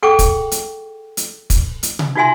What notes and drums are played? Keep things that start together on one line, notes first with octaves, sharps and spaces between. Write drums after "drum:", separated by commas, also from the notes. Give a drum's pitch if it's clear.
G#4 A4 F#5 G5 C#6 D6
drum: kick, hi-hat
drum: hi-hat
drum: hi-hat
drum: kick, hi-hat
drum: hi-hat
drum: tom C3
D#4 F4 F#4 E5 G#5 C6